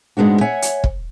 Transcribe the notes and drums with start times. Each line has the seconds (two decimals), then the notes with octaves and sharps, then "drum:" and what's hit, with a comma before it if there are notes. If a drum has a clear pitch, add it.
0.17 G#2 G#3 B3 D4 F#4
0.41 C#5 E5 F#5 G#5
0.62 drum: hi-hat
0.84 drum: kick